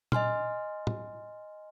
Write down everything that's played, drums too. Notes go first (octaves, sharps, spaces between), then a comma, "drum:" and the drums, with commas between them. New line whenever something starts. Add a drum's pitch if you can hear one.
D#5 G#5 C6 F6, drum: tom A#2
drum: tom